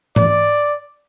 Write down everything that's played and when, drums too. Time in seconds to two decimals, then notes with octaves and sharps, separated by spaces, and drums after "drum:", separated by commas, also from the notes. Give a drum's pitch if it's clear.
0.16 D5, drum: tom G#2